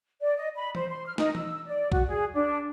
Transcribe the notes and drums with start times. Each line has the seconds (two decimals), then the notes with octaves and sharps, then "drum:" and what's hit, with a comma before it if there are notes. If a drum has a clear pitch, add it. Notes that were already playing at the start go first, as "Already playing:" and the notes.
0.21 D5
0.36 D#5
0.56 B5
0.75 C5, drum: tom E3
0.90 C6
1.06 F6
1.18 D#4, drum: snare
1.35 E6, drum: tom E3
1.66 D5
1.92 F#4, drum: kick B1
2.08 G#4
2.34 D4